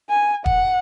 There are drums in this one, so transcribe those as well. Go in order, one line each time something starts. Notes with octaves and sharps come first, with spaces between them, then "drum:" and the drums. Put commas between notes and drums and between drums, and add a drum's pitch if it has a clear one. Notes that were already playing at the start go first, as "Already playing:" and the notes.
G#5
F#5, drum: kick E1